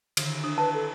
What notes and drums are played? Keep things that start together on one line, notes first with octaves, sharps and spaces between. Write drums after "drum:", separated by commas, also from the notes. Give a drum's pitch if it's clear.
D3 D#3, drum: cymbal
D4 D#6
B4 A5
A4 B4